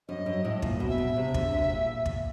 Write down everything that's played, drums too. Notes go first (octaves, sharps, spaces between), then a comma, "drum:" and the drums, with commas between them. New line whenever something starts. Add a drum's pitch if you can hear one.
F#2 D#5
F#2
A2
A#2, drum: kick
B2
E5
B2
C3
D3, drum: kick
C3
A#2
drum: kick